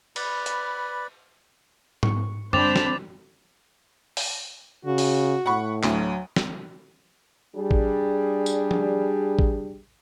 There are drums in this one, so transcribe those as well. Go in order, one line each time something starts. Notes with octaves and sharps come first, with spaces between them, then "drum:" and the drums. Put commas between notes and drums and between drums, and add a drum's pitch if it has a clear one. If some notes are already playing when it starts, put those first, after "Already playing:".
B4 D5 B5, drum: cymbal
drum: hi-hat
C#6, drum: tom G#2
C4 D4 C5 B5 D6 A6 F7, drum: tom
drum: snare
drum: open hi-hat
C#3 F#4
drum: open hi-hat
A2 F#5 B5 C#6
D2 F#3, drum: clap
drum: snare
G3 D4 G#4
drum: kick
drum: tambourine
drum: tom F3
drum: kick